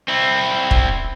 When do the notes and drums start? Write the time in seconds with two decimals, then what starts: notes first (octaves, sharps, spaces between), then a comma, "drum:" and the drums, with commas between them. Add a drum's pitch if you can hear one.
0.08 C4 E4
0.71 drum: kick